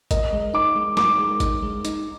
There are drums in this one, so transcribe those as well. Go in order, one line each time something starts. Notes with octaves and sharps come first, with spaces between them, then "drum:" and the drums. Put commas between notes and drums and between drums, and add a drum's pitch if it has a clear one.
A#4 D#5, drum: kick G#1, hi-hat
G#3
D#4 D6
G#3
A#4 D6, drum: snare
G#3
D#4, drum: kick G#1, hi-hat
G#3
D#4, drum: hi-hat